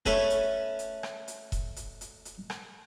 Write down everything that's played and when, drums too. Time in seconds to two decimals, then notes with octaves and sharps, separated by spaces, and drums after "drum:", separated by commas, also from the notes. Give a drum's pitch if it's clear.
0.06 A3 C#4 A4 B4 G#5, drum: kick E1, hi-hat
0.30 drum: hi-hat
0.79 drum: hi-hat
1.03 drum: rim click
1.28 drum: hi-hat
1.52 drum: kick E1, hi-hat
1.76 drum: hi-hat
2.01 drum: hi-hat
2.25 drum: hi-hat
2.50 drum: rim click